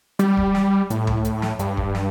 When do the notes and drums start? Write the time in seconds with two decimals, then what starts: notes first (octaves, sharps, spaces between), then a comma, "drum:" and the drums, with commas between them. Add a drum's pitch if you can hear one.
0.19 G3, drum: hi-hat
0.37 drum: kick D1
0.55 drum: snare
0.90 A2, drum: hi-hat
1.07 drum: tom C#2
1.25 drum: hi-hat
1.42 drum: snare
1.59 G2, drum: hi-hat
1.77 drum: kick D1
1.95 drum: snare